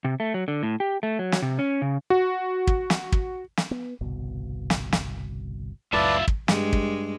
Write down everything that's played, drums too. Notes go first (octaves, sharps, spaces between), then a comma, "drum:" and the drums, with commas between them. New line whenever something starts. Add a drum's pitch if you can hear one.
C3
A3
F#3
D3
A2
G4
A3
F#3
drum: snare
C3
C#4
C#3
F#4
drum: kick
drum: snare
drum: kick
drum: snare
B3
G1 C2 B2
drum: snare
drum: snare
C#2 F#2 A2 F4 B4 D5 E5 A5
drum: kick
G2 G#3, drum: snare
drum: kick